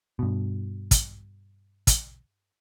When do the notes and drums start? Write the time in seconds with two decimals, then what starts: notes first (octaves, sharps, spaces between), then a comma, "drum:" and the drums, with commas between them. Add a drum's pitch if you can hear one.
0.19 G2 B2
0.91 drum: kick, hi-hat
1.87 drum: kick, hi-hat